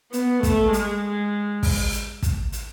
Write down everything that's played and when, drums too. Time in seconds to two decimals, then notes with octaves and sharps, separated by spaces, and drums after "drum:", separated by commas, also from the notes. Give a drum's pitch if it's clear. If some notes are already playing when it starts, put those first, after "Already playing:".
0.13 B3, drum: hi-hat
0.43 A3, drum: kick, hi-hat
0.73 G#3, drum: hi-hat
1.63 drum: kick, open hi-hat
1.93 drum: hi-hat
2.22 drum: kick, hi-hat
2.52 drum: hi-hat